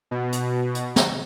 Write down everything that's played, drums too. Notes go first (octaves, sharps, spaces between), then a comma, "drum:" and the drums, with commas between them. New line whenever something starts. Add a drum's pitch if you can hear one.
B2
drum: hi-hat
drum: hi-hat
drum: snare